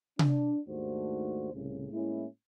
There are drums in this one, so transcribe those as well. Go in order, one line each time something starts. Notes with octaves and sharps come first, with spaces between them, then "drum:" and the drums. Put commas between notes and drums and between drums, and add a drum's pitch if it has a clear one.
D4, drum: tom C3
D#2 G#2 A3 D4 F#4 C5
C2 A2 C#3
A2 G#3 A#3 C#4 E4